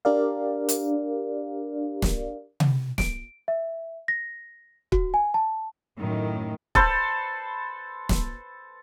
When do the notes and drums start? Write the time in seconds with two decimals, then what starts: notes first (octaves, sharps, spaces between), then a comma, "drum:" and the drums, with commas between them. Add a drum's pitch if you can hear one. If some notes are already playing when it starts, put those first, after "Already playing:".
0.05 D4 G4 A#4 D5 F5
0.69 drum: hi-hat
2.02 drum: snare
2.60 drum: tom C3
2.98 D7, drum: snare
3.48 E5
4.08 A#6
4.92 F#4, drum: kick
5.14 G#5
5.34 A5
5.99 F#2 A2 D#3
6.75 A4 B4 C5, drum: kick
8.09 drum: snare